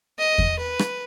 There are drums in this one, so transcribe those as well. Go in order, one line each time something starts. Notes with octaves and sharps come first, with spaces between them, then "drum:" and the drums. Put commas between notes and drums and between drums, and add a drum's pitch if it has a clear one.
D#5
drum: kick E2
B4
drum: rim click